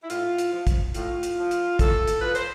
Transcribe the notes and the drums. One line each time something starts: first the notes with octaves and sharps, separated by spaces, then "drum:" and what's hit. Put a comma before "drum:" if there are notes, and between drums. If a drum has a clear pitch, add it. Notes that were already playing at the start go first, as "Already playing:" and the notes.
E4
A2 F4, drum: hi-hat
drum: hi-hat
F3
drum: kick, hi-hat
A2 F4, drum: hi-hat
drum: hi-hat
F3
drum: hi-hat
A2 A4, drum: kick, hi-hat
drum: hi-hat
F3 B4
C5, drum: hi-hat